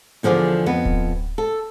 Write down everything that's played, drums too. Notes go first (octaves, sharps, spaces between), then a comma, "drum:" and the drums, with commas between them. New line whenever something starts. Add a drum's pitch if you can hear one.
E2 D3 F3 G#4 D5
F2 B3
drum: kick D1
A4